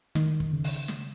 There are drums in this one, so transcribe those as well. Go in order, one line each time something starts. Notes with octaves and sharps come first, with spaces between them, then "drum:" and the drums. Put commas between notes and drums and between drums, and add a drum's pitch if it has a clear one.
D#3, drum: snare
drum: kick
C#3
drum: open hi-hat
drum: snare